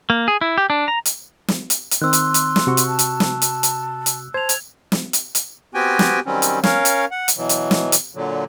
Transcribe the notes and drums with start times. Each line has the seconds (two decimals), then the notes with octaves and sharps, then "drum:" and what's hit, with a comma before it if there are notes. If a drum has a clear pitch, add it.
0.10 A#3
0.28 G#4
0.41 E4
0.58 G4
0.70 D4
0.88 A#5
1.06 drum: hi-hat
1.48 drum: snare
1.70 drum: hi-hat
1.91 drum: hi-hat
2.02 D#3 C4 C6 E6 F#6
2.13 drum: hi-hat
2.34 drum: hi-hat
2.56 drum: snare
2.67 C3 F#4 C#6
2.77 drum: hi-hat
2.87 A5
2.99 drum: hi-hat
3.20 drum: snare
3.42 drum: hi-hat
3.63 drum: hi-hat
4.06 drum: hi-hat
4.34 C5 A5 G#6 F7
4.49 drum: hi-hat
4.92 drum: snare
5.13 drum: hi-hat
5.35 drum: hi-hat
5.74 B3 C4 F#4 G4 G5 G#5
5.99 drum: snare
6.26 D#3 F#3 G3 C4 C#4
6.42 drum: hi-hat
6.63 C#4 A#4 C#5 F5, drum: snare
6.85 drum: hi-hat
7.11 F#5
7.28 drum: hi-hat
7.37 B2 E3 F#3
7.49 drum: hi-hat
7.71 drum: snare
7.92 drum: hi-hat
8.15 A#2 D3 F#3